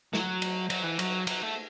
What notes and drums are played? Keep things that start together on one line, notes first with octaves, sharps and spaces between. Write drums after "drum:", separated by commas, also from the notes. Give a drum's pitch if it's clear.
F#3, drum: snare
drum: cymbal
F#3, drum: cymbal
E3
F#3, drum: cymbal
F#3, drum: cymbal
A3